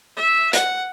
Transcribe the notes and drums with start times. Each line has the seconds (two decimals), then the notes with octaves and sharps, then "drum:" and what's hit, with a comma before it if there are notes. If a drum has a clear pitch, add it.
0.17 E5
0.53 F#5, drum: hi-hat